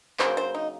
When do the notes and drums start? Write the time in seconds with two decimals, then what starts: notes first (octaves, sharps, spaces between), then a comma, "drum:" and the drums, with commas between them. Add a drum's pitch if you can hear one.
0.19 C#3 F#3 A#3 C5, drum: clap
0.37 C5
0.54 D#4